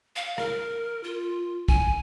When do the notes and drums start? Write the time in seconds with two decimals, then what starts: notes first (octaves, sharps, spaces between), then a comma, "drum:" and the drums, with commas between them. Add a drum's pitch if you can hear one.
0.16 F5
0.38 A#4, drum: rim click
1.04 F4
1.68 G#5, drum: kick